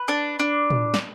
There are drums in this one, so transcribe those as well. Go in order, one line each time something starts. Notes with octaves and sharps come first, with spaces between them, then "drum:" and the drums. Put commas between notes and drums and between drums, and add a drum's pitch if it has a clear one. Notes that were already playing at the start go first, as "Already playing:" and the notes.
Already playing: B4
D4
D4
drum: tom
drum: snare